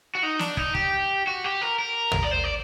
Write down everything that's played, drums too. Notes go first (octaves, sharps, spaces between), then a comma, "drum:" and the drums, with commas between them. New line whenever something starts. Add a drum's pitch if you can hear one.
F#4
D#4
D4, drum: snare
D#4, drum: kick
G4, drum: kick
F#4
G4
A#4
A#4
drum: tom
D5
C5
D5